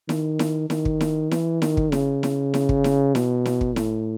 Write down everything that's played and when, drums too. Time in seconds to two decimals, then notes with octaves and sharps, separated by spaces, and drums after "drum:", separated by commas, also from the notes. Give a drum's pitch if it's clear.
0.09 D#3, drum: snare E4
0.39 drum: snare E4
0.70 D#3, drum: snare E4
0.85 drum: kick
1.01 drum: snare E4
1.31 E3, drum: snare E4
1.62 D#3, drum: snare E4
1.77 drum: kick
1.92 C#3, drum: snare E4
2.23 drum: snare E4
2.54 drum: snare E4
2.69 drum: kick
2.84 drum: snare E4
3.15 B2, drum: snare E4
3.46 drum: snare E4
3.61 drum: kick
3.76 A2, drum: snare E4